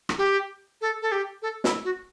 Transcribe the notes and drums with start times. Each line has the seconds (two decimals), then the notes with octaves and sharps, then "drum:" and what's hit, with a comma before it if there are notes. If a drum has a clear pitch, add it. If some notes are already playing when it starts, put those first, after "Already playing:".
0.09 drum: rim click
0.18 G4
0.81 A4
1.02 A4
1.12 G4
1.42 A4
1.64 E4, drum: snare
1.84 F#4